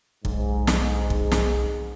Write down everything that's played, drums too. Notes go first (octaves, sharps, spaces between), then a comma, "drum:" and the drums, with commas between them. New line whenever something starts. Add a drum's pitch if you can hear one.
B1 G#2, drum: kick
drum: snare
drum: kick
drum: snare